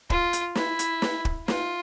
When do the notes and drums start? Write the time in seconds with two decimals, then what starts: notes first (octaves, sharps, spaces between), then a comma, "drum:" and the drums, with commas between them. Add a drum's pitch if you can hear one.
0.10 F4, drum: kick
0.33 drum: hi-hat
0.55 E4, drum: snare
0.79 drum: hi-hat
1.02 drum: snare
1.25 drum: kick
1.48 F4, drum: snare